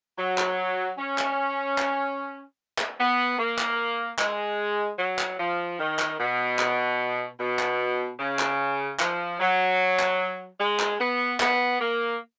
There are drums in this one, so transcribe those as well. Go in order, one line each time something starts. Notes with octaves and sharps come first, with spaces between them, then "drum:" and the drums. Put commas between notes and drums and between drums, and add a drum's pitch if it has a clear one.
F#3
drum: clap
C#4
drum: clap
drum: clap
drum: clap
B3
A#3
drum: clap
G#3, drum: clap
F#3
drum: clap
F3
D#3
drum: clap
B2
drum: clap
B2
drum: clap
C#3
drum: clap
F3, drum: clap
F#3
drum: clap
G#3
drum: clap
B3
B3, drum: clap
A#3